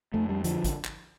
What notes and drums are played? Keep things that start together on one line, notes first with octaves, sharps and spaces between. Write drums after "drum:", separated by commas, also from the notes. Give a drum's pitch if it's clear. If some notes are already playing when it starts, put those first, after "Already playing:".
F2 A3
G3
D3 F3, drum: hi-hat
drum: kick, hi-hat
drum: clap